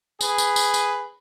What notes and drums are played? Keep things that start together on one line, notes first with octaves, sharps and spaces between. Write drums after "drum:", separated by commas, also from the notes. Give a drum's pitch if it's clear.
G#4 B4, drum: tambourine
drum: tambourine
drum: tambourine
drum: tambourine